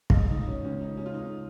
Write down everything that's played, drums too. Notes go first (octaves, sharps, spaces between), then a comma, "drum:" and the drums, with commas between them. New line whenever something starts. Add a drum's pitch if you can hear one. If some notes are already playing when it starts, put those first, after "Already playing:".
F5, drum: kick
C#2 C#3 D#5
D#4
C#4
C#2 C#3 C#4
D#4
C#4
F4
C#2 C#3 D#4